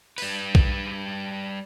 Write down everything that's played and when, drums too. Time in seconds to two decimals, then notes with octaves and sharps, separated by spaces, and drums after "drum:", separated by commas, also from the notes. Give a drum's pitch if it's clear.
0.18 G3 B4, drum: open hi-hat
0.55 drum: kick B1